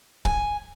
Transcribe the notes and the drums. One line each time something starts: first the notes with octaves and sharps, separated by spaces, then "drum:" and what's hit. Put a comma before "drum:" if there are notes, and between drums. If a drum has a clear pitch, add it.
G#5, drum: kick C#1